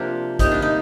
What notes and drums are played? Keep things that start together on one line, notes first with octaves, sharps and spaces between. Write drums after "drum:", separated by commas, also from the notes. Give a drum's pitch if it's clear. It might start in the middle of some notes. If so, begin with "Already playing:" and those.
Already playing: C3 F3 A#3 D4
C3 G3 A#3 D#4, drum: kick, hi-hat
D4
D#4